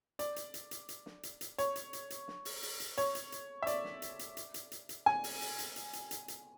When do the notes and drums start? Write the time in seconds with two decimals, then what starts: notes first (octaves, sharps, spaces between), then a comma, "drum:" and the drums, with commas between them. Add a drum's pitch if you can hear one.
0.19 D5, drum: hi-hat
0.36 drum: hi-hat
0.54 drum: hi-hat
0.71 drum: hi-hat
0.89 drum: hi-hat
1.06 drum: snare
1.23 drum: hi-hat
1.41 drum: hi-hat
1.58 C#5, drum: hi-hat
1.76 drum: hi-hat
1.93 drum: hi-hat
2.10 drum: hi-hat
2.28 drum: snare
2.45 drum: open hi-hat
2.63 drum: open hi-hat
2.80 drum: hi-hat
2.98 C#5, drum: hi-hat
3.15 drum: hi-hat
3.32 drum: hi-hat
3.62 E5
3.67 D5, drum: hi-hat
3.84 drum: snare
4.02 drum: hi-hat
4.19 drum: hi-hat
4.37 drum: hi-hat
4.54 drum: hi-hat
4.72 drum: hi-hat
4.89 drum: hi-hat
5.06 G#5, drum: snare
5.24 drum: open hi-hat
5.41 drum: open hi-hat
5.59 drum: hi-hat
5.76 drum: hi-hat
5.93 drum: hi-hat
6.11 drum: hi-hat
6.28 drum: hi-hat